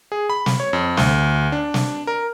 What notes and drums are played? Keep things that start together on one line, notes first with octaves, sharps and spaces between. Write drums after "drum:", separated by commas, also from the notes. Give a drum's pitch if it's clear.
G#4
B5
drum: snare
C#5
F2
D2, drum: snare
D4
drum: snare
A#4